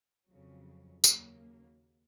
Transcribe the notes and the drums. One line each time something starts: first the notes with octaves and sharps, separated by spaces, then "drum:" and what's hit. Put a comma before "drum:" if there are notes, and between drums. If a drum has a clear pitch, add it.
F2 C#3 F#3
D#2 C#3 F#3 A#3, drum: tambourine